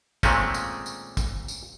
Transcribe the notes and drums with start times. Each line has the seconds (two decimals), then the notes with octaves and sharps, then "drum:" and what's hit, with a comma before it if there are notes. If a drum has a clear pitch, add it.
0.23 A#2 D#3 G#3 A3 C4 C#4, drum: kick, tambourine
0.54 drum: tambourine
0.86 drum: tambourine
1.17 drum: kick, tambourine
1.48 drum: tambourine